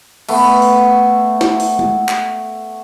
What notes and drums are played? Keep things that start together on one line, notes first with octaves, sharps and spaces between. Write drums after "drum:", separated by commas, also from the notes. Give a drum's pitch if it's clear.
A3 B3, drum: cymbal
drum: open hi-hat
drum: snare
drum: open hi-hat
drum: tom G#3
drum: clap